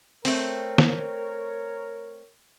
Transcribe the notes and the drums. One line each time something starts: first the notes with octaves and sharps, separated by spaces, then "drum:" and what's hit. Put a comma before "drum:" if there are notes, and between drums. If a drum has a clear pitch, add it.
A3 C4 A#4 C#5, drum: open hi-hat
drum: snare